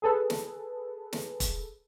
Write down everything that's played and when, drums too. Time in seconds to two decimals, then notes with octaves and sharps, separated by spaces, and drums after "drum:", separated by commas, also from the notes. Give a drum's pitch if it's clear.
0.02 G#4 A4 B4
0.30 drum: snare
1.13 drum: snare
1.40 drum: kick E1, hi-hat